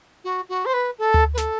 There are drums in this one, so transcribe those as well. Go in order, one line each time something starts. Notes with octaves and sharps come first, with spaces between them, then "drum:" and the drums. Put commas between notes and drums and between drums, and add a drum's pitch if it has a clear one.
F#4
F#4
C5
B4
A4
drum: tom D2
B4
A4, drum: snare